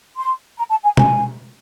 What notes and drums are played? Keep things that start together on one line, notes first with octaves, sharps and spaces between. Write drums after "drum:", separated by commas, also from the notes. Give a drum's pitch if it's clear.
C6
A#5
A5
G#5
G#5, drum: tom B2